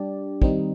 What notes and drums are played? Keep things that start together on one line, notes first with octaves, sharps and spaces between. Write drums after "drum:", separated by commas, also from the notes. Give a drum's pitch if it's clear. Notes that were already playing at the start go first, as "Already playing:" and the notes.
Already playing: G3 D4 G4 D5
D#3 G3 C4 D#4, drum: kick